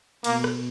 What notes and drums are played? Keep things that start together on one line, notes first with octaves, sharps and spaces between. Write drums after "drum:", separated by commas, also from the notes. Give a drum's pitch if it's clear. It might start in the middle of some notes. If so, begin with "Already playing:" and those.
B2 A#3, drum: cymbal
drum: rim click